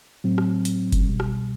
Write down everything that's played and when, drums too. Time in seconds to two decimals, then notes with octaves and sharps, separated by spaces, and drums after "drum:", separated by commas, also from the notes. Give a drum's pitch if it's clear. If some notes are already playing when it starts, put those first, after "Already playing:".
0.24 A2 F#3 C4
0.38 drum: rim click
0.65 drum: hi-hat
0.92 drum: kick F#1, hi-hat
1.06 C2 B2 G3
1.20 drum: rim click